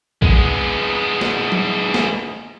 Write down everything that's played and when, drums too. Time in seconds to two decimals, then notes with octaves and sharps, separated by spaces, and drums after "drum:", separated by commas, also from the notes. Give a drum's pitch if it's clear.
0.22 G#3 B3, drum: kick A#1
1.21 drum: snare
1.52 drum: tom F#3
1.94 drum: snare